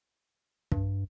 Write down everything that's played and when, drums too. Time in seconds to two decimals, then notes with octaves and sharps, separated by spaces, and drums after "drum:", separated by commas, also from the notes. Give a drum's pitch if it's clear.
0.72 G2, drum: kick